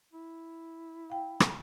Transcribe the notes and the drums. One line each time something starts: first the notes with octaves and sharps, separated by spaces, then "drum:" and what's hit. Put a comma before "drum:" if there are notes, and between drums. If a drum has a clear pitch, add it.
E4
F5 G5
drum: rim click